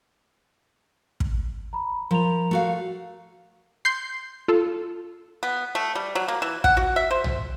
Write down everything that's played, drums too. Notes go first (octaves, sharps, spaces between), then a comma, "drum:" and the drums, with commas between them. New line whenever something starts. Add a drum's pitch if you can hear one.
drum: kick
A#5 B5
F3 A#4 A#5 F7
A3 F#4 F5
C6 G6 C7
F4 A4
B3
A3
G3
F#3
A#3
E3
F#5, drum: kick
F#4
E5
C5
drum: tom B1